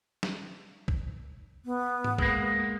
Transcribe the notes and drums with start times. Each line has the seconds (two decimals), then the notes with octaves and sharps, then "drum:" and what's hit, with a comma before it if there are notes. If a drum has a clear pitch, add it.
0.23 drum: snare
0.88 drum: kick A#1
1.65 B3
2.04 drum: tom G#2
2.18 G#3 A#3, drum: kick A#1